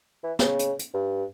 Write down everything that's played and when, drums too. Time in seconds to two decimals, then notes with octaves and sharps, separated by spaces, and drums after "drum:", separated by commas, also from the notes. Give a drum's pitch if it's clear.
0.24 E3
0.39 C#3, drum: snare
0.59 drum: hi-hat
0.79 drum: hi-hat
0.94 G2